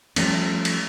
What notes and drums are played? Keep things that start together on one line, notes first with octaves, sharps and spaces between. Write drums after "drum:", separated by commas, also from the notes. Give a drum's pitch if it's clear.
F3 G3 A3 C#4, drum: cymbal
drum: cymbal